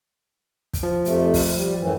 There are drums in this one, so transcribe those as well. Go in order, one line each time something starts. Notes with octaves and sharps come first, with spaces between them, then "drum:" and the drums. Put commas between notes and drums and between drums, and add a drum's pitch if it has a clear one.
drum: kick, hi-hat
F3
F2 C3 A3, drum: hi-hat
drum: kick, open hi-hat
G3
F#2 A2 E3